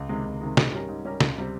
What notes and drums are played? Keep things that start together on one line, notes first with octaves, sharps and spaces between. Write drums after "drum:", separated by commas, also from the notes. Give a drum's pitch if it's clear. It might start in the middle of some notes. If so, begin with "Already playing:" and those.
Already playing: C#2
C3 D#3 G#3
C#2
C3 D#3 G#3
G#2, drum: snare
G3 C#4 G4 A#4
G#2
G3 C#4 G4 A#4
C#2, drum: snare
C3 G3 C4